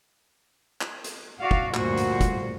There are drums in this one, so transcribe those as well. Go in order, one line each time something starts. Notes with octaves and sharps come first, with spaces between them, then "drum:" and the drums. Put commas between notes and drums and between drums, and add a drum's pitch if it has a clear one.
drum: clap
drum: hi-hat
F#4 D5 F5
drum: kick
D2 G2 A#2 F#4 C5, drum: clap
drum: hi-hat
drum: kick, hi-hat